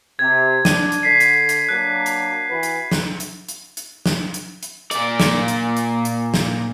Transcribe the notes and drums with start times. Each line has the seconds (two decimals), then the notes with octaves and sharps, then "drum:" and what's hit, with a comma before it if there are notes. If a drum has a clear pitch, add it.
0.19 C3 G#6
0.65 D4 D#7, drum: snare
0.92 drum: hi-hat
1.03 D3 B6 C7
1.20 drum: hi-hat
1.49 drum: hi-hat
1.69 F#3 A#3 D4 F#6
2.06 drum: hi-hat
2.50 E3 F#4 B4
2.63 drum: hi-hat
2.92 drum: snare
3.20 drum: hi-hat
3.49 drum: hi-hat
3.77 drum: hi-hat
4.06 drum: snare
4.34 drum: hi-hat
4.63 drum: hi-hat
4.91 A#2 D5, drum: hi-hat
5.20 drum: snare
5.48 drum: hi-hat
5.77 drum: hi-hat
6.05 drum: hi-hat
6.34 drum: snare